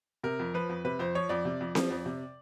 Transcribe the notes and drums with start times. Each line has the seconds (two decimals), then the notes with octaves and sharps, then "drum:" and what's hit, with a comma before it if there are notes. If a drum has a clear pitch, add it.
0.23 C3 A#4
0.39 F2
0.54 F3 B4
0.69 F2
0.85 C3 B4
0.99 F2 C5
1.15 F3 C#5
1.29 F2 D5
1.45 C3
1.61 F2
1.75 F3, drum: snare C4
1.91 F2
2.06 C3